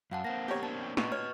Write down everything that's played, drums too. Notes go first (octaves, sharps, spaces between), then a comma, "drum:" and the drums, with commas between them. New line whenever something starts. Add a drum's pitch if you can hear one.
F#2 F5 F#5 A5
A#3 C4 F#5 A#6
B3 G4 A#4 C#5
A#3 C4 D4 A5
A#2 B4 D#5 C#6, drum: snare
C#5 F6